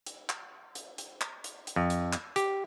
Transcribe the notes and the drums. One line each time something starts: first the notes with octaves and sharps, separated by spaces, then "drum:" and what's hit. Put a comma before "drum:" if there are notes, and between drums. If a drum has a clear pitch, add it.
drum: hi-hat
drum: clap
drum: hi-hat
drum: hi-hat
drum: clap
drum: hi-hat
drum: hi-hat
F2
drum: hi-hat
drum: clap
G4, drum: hi-hat